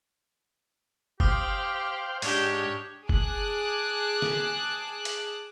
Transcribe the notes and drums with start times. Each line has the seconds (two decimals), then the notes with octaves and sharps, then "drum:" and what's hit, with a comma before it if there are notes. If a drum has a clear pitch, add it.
1.20 G4 C5 F5 G5 D6 D#6 F6, drum: kick F#1
2.22 G#2 D4 G4 C#5, drum: open hi-hat
3.09 G#4 A5 D6 F#6, drum: kick F#1
4.22 drum: snare
5.05 drum: hi-hat